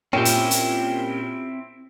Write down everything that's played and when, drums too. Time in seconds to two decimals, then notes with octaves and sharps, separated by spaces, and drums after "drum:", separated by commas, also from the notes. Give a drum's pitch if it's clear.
0.13 A#2 C4 C#4 E4 G4 G5
0.25 drum: hi-hat
0.51 drum: hi-hat